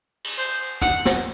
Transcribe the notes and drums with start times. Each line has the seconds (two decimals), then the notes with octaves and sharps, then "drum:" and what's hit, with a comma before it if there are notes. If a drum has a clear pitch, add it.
0.24 drum: cymbal
0.38 C5
0.81 F#5, drum: tom
1.05 drum: snare